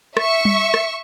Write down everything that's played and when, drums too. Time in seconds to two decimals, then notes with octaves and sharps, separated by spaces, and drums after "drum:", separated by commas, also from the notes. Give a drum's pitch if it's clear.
0.17 E5 C#6, drum: rim click
0.45 drum: tom G3
0.74 drum: rim click